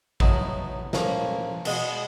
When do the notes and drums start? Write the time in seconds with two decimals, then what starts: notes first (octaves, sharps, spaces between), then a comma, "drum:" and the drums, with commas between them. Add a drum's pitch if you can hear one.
0.20 A2 F#3 B3 D#4, drum: kick A1
0.93 A#2 F3 A#3 C#4, drum: snare
1.65 B2 G#3 B3, drum: cymbal